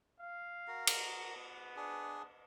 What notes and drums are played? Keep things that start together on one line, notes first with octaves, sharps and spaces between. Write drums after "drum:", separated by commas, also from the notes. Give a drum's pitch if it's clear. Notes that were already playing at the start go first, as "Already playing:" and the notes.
F5
F#4 A#4
drum: cymbal
B3
D4 G#4